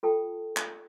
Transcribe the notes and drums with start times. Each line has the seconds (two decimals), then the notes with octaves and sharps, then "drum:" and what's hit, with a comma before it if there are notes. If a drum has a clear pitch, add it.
0.03 F4 A4 G5 A5
0.57 drum: clap